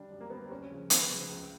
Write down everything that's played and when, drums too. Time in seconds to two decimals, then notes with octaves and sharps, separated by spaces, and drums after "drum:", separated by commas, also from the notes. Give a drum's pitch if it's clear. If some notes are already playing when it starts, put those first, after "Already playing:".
Already playing: D3 G3 D4
0.11 F#2
0.21 A#3
0.30 D3 G3 B3
0.41 C4
0.51 D2 C#4
0.71 C#3 F3
0.90 D2 B3, drum: hi-hat
1.10 C#3 F3
1.29 C#2